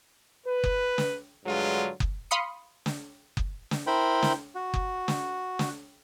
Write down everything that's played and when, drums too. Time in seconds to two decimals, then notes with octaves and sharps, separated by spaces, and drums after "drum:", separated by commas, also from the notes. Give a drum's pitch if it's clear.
0.47 B4
0.64 drum: kick F#1
0.98 drum: snare
1.46 G2 D3 F#3 G#3 F4
2.00 drum: kick F#1
2.31 F5 B5 C6 D#6 C#7
2.86 drum: snare
3.37 drum: kick F#1
3.71 drum: snare
3.87 E4 A#4 C5 G5 B5
4.22 drum: snare
4.55 F#4
4.74 drum: kick F#1
5.08 drum: snare
5.59 drum: snare